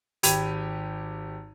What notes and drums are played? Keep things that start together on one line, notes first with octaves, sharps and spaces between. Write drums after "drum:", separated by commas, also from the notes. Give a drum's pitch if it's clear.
G#1 G4 B5 G#6 D#7 F7, drum: hi-hat